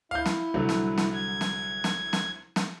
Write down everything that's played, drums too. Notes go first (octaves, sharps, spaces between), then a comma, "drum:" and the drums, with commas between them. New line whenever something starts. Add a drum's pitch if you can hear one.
E4 F5 G6
drum: snare
C2 D3 F#3
drum: snare
drum: snare
G#6
drum: snare
drum: snare
drum: snare
drum: snare